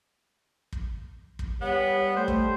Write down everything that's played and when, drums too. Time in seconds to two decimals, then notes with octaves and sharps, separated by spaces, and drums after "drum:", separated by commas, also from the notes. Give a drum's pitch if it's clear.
0.73 drum: kick
1.39 drum: kick
1.61 G3 B3 C#5
2.16 A3 C5
2.28 drum: kick